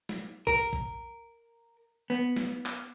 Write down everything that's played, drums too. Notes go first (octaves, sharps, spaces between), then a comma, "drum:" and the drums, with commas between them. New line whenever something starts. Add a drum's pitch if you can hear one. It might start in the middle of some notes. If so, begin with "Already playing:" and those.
drum: snare
A#4, drum: kick A#1
drum: kick A#1
B3
drum: snare
drum: clap